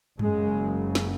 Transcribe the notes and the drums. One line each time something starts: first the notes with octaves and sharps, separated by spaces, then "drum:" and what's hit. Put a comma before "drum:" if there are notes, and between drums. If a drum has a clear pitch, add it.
F#1 F#2 C#3 G#3, drum: tom G2
drum: snare